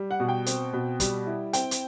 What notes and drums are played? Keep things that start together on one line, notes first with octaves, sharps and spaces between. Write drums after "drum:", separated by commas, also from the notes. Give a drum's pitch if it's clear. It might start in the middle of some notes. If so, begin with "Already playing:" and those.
Already playing: G3
F#5
B2
G5
C4, drum: hi-hat
B2
G3, drum: kick, hi-hat
E4
C4 G5, drum: hi-hat
drum: hi-hat